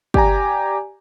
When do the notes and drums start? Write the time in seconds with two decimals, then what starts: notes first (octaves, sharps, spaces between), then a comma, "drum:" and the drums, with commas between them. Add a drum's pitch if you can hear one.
0.14 G4 D5 G#5 A#5, drum: kick